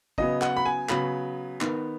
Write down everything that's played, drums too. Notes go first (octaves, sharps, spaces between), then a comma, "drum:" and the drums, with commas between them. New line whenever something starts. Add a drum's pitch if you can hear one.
C#3 F#3 B3 D#5, drum: kick
F#5, drum: clap
B5
G#5
C#3 F#3 B3 B5, drum: clap
D#3 B3, drum: clap